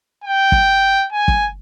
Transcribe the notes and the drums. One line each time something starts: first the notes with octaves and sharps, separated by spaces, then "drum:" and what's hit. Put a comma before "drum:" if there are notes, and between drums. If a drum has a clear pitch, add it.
G5
drum: kick
G#5
drum: kick